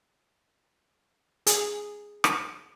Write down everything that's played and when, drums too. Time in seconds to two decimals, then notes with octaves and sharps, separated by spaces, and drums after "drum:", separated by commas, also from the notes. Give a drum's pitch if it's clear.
1.47 G#4, drum: hi-hat
2.24 drum: rim click